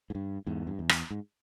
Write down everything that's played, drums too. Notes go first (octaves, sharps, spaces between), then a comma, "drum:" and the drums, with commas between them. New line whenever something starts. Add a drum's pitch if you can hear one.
G#2
G2
E2 G#2
G2
E2
drum: rim click
G#2